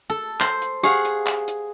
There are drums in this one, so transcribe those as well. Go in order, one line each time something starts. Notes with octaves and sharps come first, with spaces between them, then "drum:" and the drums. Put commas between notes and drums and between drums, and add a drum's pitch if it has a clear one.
A4
C5, drum: clap
drum: hi-hat
G4 G#4 F5 F#5, drum: hi-hat
drum: hi-hat
drum: clap
drum: hi-hat